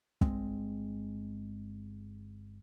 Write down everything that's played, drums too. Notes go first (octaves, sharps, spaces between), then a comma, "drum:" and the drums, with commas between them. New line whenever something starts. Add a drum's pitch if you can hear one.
G1 G#3 C4, drum: kick